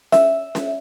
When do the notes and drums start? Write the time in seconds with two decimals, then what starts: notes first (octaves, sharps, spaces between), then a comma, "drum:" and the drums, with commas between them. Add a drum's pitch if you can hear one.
0.12 E5, drum: snare C#4
0.55 drum: snare C#4